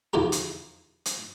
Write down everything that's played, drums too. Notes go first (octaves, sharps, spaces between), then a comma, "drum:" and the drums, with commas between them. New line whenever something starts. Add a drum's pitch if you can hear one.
B1 E2 F3 G4 A#4
drum: hi-hat
drum: hi-hat